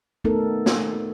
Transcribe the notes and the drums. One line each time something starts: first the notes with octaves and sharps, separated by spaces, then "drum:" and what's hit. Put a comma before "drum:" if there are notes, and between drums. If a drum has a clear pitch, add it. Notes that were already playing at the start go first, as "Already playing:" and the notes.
A3 B3 D#4 A4 A#4
drum: snare